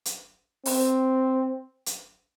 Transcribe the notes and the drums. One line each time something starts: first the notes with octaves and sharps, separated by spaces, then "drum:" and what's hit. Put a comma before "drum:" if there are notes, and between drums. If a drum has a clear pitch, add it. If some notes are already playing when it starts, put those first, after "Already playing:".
drum: hi-hat
C4, drum: open hi-hat
drum: hi-hat